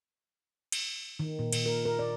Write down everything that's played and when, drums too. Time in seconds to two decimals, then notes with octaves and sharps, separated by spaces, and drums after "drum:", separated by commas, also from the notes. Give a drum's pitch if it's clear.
0.72 drum: cymbal
1.19 D#3
1.39 A#2
1.53 A#2, drum: cymbal
1.66 A#4
1.85 A#4
1.99 D5